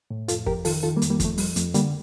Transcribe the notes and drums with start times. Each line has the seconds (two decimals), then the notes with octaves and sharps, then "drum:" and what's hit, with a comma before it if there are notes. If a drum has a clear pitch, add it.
0.11 A2
0.28 F2 F4 A4, drum: hi-hat
0.46 F2 G4 A#4, drum: kick G1
0.65 D#3 F4 A4, drum: open hi-hat
0.83 D#3 F4 A4
0.96 G3 A#3
1.02 F2, drum: hi-hat
1.10 G3 A#3
1.20 F2, drum: kick G1, hi-hat
1.25 A3
1.38 F3 G3, drum: open hi-hat
1.56 F2 A3, drum: hi-hat
1.74 D3 G3 A#3, drum: hi-hat